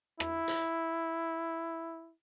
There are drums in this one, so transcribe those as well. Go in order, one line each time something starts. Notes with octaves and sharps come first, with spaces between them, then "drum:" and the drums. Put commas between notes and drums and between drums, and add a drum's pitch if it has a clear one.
E4, drum: rim click
drum: hi-hat